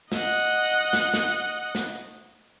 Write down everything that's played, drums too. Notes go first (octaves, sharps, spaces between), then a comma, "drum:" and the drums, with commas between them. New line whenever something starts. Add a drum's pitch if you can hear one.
D#5 F#5, drum: snare
drum: snare
drum: snare
drum: snare